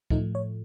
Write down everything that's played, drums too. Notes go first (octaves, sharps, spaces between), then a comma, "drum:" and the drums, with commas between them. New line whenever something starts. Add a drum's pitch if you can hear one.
A2 F3 A3 D#4, drum: kick
C#5